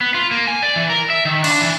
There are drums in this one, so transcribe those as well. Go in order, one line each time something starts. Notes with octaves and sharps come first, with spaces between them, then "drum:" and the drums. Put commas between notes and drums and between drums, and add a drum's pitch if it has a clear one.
B3
F4
A#3
G#5
D5
E3
A#4
E5
D#3
D4, drum: cymbal
E3